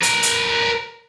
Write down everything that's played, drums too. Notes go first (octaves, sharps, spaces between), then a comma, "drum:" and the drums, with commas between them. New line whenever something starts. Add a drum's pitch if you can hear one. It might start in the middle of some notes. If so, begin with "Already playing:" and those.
A#4 B4, drum: hi-hat
drum: hi-hat